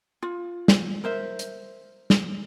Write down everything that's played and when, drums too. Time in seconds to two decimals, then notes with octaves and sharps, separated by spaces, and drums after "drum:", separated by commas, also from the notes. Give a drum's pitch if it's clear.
0.23 F4
0.68 drum: snare
1.04 A#4 C5 E5
1.39 drum: hi-hat
2.10 drum: snare